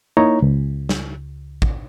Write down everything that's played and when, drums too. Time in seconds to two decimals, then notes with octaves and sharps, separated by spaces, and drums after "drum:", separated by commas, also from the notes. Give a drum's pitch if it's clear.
0.17 A#3 D#4 E4 C#5 A#5
0.42 C#2
0.89 drum: snare
1.62 drum: kick